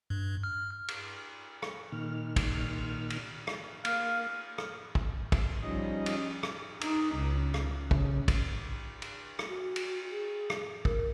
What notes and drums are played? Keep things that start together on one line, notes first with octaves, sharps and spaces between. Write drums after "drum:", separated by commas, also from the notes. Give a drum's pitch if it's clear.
G2
F6
drum: cymbal
drum: rim click
A#2 D#3 F6
drum: kick, cymbal
drum: cymbal
drum: rim click
A#3 F5, drum: cymbal
drum: rim click
drum: kick
drum: kick, cymbal
F3 G3 C#4 D#4 D#5
drum: cymbal
drum: rim click
D#4, drum: cymbal
C#2
drum: rim click
C#3, drum: kick
drum: kick, cymbal
drum: cymbal
drum: rim click
F#4
drum: cymbal
G#4
drum: rim click
A#4, drum: kick